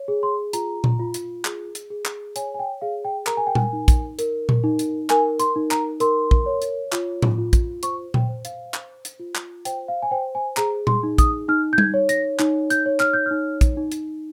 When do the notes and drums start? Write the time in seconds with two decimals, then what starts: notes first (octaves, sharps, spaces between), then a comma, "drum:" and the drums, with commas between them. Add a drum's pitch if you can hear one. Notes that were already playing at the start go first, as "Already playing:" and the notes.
Already playing: C#5
0.08 G#4
0.23 C6
0.53 F4 A#5, drum: hi-hat
0.84 drum: tom A#2
1.00 F4
1.14 drum: hi-hat
1.45 G#4, drum: clap
1.75 drum: hi-hat
1.90 G#4
2.05 drum: clap
2.36 C#5 G#5, drum: hi-hat
2.54 G#5
2.59 G5
2.81 G#4 F5
3.05 G5
3.27 A#4 A#5, drum: clap
3.37 G#5
3.47 G5
3.55 G#5, drum: tom A#2
3.73 D#4
3.88 drum: kick, hi-hat
4.19 A#4, drum: hi-hat
4.49 drum: tom A#2
4.64 D#4
4.79 drum: hi-hat
5.10 A#4 G#5, drum: clap
5.40 C6, drum: hi-hat
5.56 D#4
5.71 A#5, drum: clap
6.00 A#4 C6, drum: hi-hat
6.31 drum: kick
6.46 C#5
6.62 drum: hi-hat
6.92 F4, drum: clap
7.22 drum: tom A2
7.38 F4
7.53 drum: kick, hi-hat
7.83 C5 C#6, drum: hi-hat
8.14 G5, drum: tom A#2
8.29 C5
8.45 F5, drum: hi-hat
8.74 C5, drum: clap
9.05 drum: hi-hat
9.20 F4
9.35 drum: clap
9.65 C5 G5, drum: hi-hat
9.88 F5
10.02 G#5
10.11 C5 G5
10.35 G#5
10.57 G#4 A#5, drum: clap
10.87 C6, drum: tom A#2
11.03 D#4
11.18 D#6, drum: kick, hi-hat
11.48 D#4 F6
11.73 G6
11.78 G#6, drum: tom G3
11.94 C#5
12.09 A#6, drum: hi-hat
12.39 D#4, drum: clap
12.70 G6, drum: hi-hat
12.86 C#5
13.00 F6, drum: clap
13.13 G6
13.26 D#4 F6
13.61 drum: kick, hi-hat
13.77 D#4
13.92 drum: hi-hat